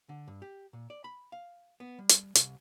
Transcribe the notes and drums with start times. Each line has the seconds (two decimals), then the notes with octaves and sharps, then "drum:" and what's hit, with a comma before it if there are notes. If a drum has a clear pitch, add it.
0.09 D3
0.28 G2
0.42 G4
0.73 A#2
0.90 D5
1.04 B5
1.32 F5
1.80 B3
1.99 G3
2.09 drum: hi-hat
2.35 C2, drum: hi-hat